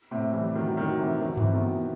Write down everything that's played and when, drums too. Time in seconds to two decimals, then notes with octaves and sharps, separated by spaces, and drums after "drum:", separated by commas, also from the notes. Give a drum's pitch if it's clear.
0.11 A2 C3
0.33 E3 G3
0.55 D#3 F#3
0.77 D#3 F#3
1.00 C3 E3
1.21 D#3 F#3
1.37 C3 E3, drum: tom G2
1.54 B2 D#3
1.70 B2